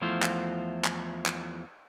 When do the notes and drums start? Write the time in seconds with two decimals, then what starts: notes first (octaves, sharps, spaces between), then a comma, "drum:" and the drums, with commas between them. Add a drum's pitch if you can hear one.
0.02 E2 F3 A3 E4 F4 C5
0.22 drum: clap
0.84 drum: clap
1.26 drum: clap